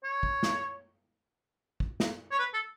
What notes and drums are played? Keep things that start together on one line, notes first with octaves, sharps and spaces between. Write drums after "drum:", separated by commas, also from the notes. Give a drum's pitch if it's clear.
C#5
drum: kick
drum: snare
drum: kick
drum: snare
C#5
B4
A4